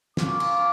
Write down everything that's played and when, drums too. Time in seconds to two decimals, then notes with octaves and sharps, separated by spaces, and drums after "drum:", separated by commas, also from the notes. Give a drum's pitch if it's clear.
0.17 A#3 C#4 F4 D6, drum: snare
0.40 drum: cymbal